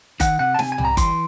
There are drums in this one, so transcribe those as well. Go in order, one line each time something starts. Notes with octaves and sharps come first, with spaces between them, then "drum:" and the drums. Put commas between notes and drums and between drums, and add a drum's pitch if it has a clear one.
D#3 F#5, drum: kick F#1, hi-hat
C3 F#5
A5
C3 G#5, drum: snare
G#5
G3, drum: tom C2
A#5
E3 C6, drum: kick F#1, hi-hat